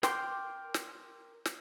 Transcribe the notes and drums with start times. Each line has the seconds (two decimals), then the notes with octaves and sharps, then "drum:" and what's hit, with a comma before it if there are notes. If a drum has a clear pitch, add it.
0.03 A#4 G5 C6 D6 G6, drum: snare
0.74 drum: snare
1.45 drum: snare